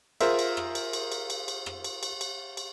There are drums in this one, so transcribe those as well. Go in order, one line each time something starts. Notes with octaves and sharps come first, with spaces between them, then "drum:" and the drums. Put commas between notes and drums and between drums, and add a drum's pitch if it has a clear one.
F4 G#4 A#4 C5 E5, drum: cymbal
drum: cymbal
drum: rim click
drum: cymbal
drum: cymbal
drum: cymbal
drum: cymbal
drum: cymbal
drum: rim click
drum: cymbal
drum: cymbal
drum: cymbal
drum: cymbal